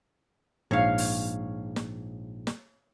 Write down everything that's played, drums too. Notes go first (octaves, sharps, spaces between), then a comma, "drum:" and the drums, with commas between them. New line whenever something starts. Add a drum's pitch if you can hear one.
A#1 G#2 C#5 F5
drum: open hi-hat
drum: snare
drum: snare